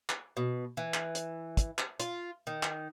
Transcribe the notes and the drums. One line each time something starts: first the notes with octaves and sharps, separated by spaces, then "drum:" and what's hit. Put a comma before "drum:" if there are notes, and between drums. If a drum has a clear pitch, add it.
drum: clap
B2
E3
drum: clap
drum: hi-hat
drum: kick, hi-hat
drum: clap
F4, drum: hi-hat
D#3
drum: clap